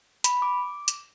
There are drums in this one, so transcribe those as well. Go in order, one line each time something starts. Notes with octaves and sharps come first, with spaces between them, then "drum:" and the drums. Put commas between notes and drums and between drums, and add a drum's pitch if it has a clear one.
B5, drum: hi-hat
D6
drum: hi-hat